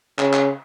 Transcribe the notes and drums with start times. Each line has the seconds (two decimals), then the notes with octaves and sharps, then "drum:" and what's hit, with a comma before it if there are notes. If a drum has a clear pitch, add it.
0.19 C#3, drum: clap
0.34 drum: clap